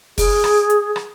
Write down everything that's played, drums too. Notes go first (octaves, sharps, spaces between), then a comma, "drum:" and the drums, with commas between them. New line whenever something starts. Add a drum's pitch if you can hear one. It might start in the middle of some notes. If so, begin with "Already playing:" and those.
G#4, drum: kick, open hi-hat
drum: rim click
drum: hi-hat
drum: rim click